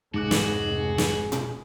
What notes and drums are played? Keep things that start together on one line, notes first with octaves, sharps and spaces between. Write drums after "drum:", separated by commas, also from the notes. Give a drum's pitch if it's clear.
F1 C#2 G#2 F#4 G#4 D6 F#6
drum: snare
drum: snare
drum: tom A#2